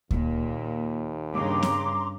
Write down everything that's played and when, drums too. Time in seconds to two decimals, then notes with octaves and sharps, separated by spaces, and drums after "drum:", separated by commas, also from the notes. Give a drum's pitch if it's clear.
0.11 D#2 A#2, drum: kick D2
1.34 G2 C#3 A#5 C6 D6
1.63 drum: snare C4